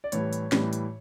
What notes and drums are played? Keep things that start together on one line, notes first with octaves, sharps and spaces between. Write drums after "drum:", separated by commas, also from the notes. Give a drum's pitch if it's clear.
D5
A2 E3 G3 C#5, drum: hi-hat
drum: hi-hat
A2 E3 G3, drum: snare
drum: hi-hat